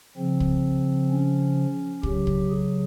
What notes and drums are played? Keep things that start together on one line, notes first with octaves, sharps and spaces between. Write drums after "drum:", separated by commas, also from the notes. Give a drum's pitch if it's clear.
C#3 F3 C4
drum: kick
C#4
C#3 F#3 G4, drum: kick
drum: kick
G#4